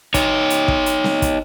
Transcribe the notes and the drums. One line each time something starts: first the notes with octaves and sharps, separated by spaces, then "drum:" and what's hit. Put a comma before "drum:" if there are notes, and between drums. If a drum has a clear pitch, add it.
D#4 C#5, drum: kick, hi-hat
drum: hi-hat
drum: kick
drum: hi-hat
drum: snare C4
drum: kick, hi-hat